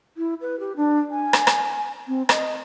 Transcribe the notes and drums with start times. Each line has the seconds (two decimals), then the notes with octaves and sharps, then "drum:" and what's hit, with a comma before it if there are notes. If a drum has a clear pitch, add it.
0.17 E4
0.41 B4
0.60 G4
0.76 D4
1.11 G#5
1.33 drum: rim click
1.47 drum: rim click
2.08 C4
2.29 D#5, drum: rim click